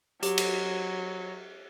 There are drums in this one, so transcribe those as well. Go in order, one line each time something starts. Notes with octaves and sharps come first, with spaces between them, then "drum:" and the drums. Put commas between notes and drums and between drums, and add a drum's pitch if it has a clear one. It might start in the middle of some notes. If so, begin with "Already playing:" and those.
F#3 G4, drum: hi-hat
drum: cymbal